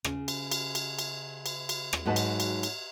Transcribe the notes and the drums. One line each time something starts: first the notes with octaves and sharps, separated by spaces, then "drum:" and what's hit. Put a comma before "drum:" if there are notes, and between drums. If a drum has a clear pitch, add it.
C#3, drum: rim click
drum: cymbal
drum: cymbal
drum: cymbal
drum: cymbal
drum: cymbal
drum: cymbal
drum: rim click
G#2 F#3 F#4 B4 D#5 A5
drum: cymbal
drum: cymbal
drum: cymbal